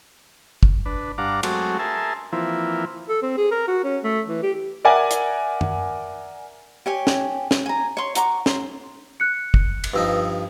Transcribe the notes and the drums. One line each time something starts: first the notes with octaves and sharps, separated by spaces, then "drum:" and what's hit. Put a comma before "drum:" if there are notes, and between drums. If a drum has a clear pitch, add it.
drum: kick
D4 B4
G2 D4 F5 F#5 A#5 D6
F#3 G#3 A3 C4 F#4, drum: cymbal
G#4 A#4 E5 A5 C6
E3 F3 A#3 C4 E4
A4
C4
G#4
A#4
F#4
C#4
A3
E3
G4
A#4 D5 E5 F#5 G#5
drum: hi-hat
drum: tom
G4 C#5 G#5
drum: snare
drum: snare
G#5 A#5
C#5 C6
F#5 A#5 C#6 D6, drum: hi-hat
C6, drum: snare
F#6 C#7
drum: kick
drum: cymbal
G2 F3 D#4 B4 E6